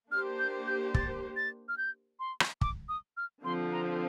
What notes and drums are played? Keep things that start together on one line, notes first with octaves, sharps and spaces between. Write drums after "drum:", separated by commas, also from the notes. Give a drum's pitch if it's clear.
A#3 D4 G4 C5 F6
G6
G6
A6, drum: kick
A6
F6
G6
C6
drum: rim click
D6, drum: kick
D#6
F6
D3 F3 C4 C6
A#5